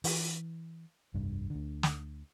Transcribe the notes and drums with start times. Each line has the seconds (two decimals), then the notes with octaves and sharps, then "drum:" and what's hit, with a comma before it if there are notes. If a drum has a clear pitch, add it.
0.04 E3, drum: open hi-hat
1.14 F1 C2 G2
1.50 D2 D3
1.83 drum: snare